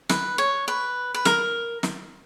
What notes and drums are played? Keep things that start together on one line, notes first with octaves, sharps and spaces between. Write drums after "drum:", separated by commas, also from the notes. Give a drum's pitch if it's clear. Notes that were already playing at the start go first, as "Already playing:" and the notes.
B4, drum: snare
C#5
B4
B4
A#4, drum: snare
drum: snare